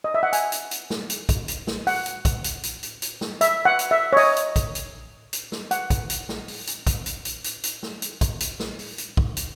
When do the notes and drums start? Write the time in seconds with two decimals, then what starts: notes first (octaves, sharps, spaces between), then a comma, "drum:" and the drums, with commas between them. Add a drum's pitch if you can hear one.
0.04 D#5
0.14 E5
0.23 F#5
0.33 G#5, drum: hi-hat
0.52 drum: hi-hat
0.71 drum: hi-hat
0.90 drum: snare
1.10 drum: hi-hat
1.29 drum: kick, hi-hat
1.48 drum: hi-hat
1.67 drum: snare
1.87 F#5, drum: open hi-hat
2.06 drum: hi-hat
2.25 drum: kick, hi-hat
2.44 drum: hi-hat
2.63 drum: hi-hat
2.83 drum: hi-hat
3.02 drum: hi-hat
3.21 drum: snare
3.41 E5, drum: hi-hat
3.65 F#5
3.79 drum: hi-hat
3.91 E5
4.13 C#5
4.17 D#5, drum: open hi-hat
4.37 drum: hi-hat
4.56 drum: kick, hi-hat
4.75 drum: hi-hat
5.33 drum: hi-hat
5.52 drum: snare
5.71 F#5, drum: hi-hat
5.90 drum: kick, hi-hat
6.10 drum: hi-hat
6.29 drum: snare
6.48 drum: open hi-hat
6.67 drum: hi-hat
6.87 drum: kick, hi-hat
7.06 drum: hi-hat
7.25 drum: hi-hat
7.44 drum: hi-hat
7.63 drum: hi-hat
7.83 drum: snare
8.02 drum: hi-hat
8.21 drum: kick, hi-hat
8.40 drum: hi-hat
8.60 drum: snare
8.79 drum: open hi-hat
8.98 drum: hi-hat
9.17 drum: kick
9.37 drum: hi-hat